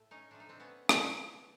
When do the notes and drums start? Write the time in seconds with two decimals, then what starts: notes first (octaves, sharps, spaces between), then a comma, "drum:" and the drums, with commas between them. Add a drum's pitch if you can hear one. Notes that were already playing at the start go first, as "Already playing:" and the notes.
Already playing: A2 A3
0.11 C#4 D#4
0.31 A2 F3 A3 D4
0.40 D#4
0.49 C4 D4
0.60 B3 C#4
0.89 C#3 E3 G3, drum: rim click